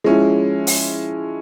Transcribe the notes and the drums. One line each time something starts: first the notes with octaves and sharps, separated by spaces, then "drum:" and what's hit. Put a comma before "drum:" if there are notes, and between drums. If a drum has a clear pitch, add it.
F3 G#3 C#4 E4
drum: open hi-hat